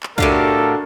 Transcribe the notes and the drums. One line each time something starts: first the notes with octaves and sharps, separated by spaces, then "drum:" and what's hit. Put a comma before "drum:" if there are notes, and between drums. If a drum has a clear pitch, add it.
drum: clap
A2 D4 F#4 G4 A4 A#4 F5 F6, drum: kick